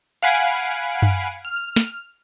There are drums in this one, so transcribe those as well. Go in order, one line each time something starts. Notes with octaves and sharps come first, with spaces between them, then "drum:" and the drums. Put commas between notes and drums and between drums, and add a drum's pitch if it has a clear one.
F5 F#5 G#5 B5 C7 D7
drum: tom F#2
F6
drum: snare